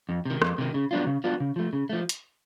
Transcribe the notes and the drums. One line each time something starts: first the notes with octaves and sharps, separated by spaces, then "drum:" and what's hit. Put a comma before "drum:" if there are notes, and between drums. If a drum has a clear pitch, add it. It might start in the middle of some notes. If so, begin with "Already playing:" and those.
F2
C3 D#3
F2, drum: rim click
C3 D#3
C#3
F#3 B3 D4 F4
C#3
F#3 B3 D4 F4
C#3
F3 A3
C#3
F3 A3
drum: hi-hat